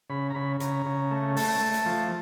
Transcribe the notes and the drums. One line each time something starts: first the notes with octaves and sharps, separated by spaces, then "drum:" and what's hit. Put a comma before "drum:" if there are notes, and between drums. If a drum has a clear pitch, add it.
C#3 B5
A#5
C#3 B5
C#3 A#5, drum: hi-hat
C#3
A3
A3 A5, drum: open hi-hat
A3
drum: hi-hat
F3